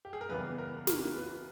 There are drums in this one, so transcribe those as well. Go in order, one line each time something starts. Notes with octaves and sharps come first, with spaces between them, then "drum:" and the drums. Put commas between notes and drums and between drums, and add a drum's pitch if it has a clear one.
G4
G#4
A#4
C#2 C#3 E3 G3 B3 B4
A#4
A#4, drum: snare
B4